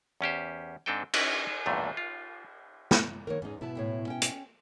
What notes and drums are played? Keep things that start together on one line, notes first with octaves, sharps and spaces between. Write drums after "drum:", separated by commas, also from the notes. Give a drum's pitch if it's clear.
E2 C#4 G4 C5
G#2 C4 D4 A4 D#5 G5
C#4 D#4 E4 F#4 B4 D5, drum: cymbal
B1 E2 G2 A#2 A3
F4
drum: snare
D#3 F#3 A#3 A#4 C#5
E2 G#2 C#4 D#4 G#4
G#2 B2 B3 E4 A5
D2 A2 C#5
C#4 G5
drum: hi-hat